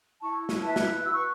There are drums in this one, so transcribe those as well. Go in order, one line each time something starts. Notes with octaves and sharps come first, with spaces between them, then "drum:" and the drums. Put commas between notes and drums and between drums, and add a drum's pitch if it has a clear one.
E4 A5 C#6
drum: snare
B4 E5 A5
drum: snare
F#4 E6
C#6